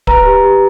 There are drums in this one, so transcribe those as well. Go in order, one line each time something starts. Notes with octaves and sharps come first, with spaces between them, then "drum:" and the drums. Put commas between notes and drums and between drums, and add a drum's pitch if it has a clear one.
B4 A#5, drum: kick D1
G4
G4